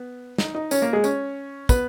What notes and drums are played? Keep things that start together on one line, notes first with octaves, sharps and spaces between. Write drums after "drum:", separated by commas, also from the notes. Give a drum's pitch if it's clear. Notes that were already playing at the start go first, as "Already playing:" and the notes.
Already playing: B3
D#4 D#5, drum: snare
D#4 D#5
C#4 C#5, drum: tambourine
A#3 A#4
G#3 G#4
C#4 C#5, drum: tambourine
B3 B4, drum: kick, tambourine